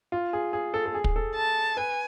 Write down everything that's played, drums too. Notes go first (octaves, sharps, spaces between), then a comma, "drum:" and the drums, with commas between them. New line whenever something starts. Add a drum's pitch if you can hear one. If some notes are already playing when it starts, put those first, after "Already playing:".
F4
G#4
G#4
A4
A4
G#4
drum: kick
A4
A5
B4 G#5